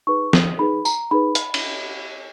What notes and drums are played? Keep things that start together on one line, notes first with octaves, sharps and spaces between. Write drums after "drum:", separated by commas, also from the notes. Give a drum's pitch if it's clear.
D#4 G#4 B4 C#6
D#6, drum: snare
D#4 G#4 B4 B5
A#5, drum: tambourine
D#4 G#4 B4 B5
drum: hi-hat
drum: cymbal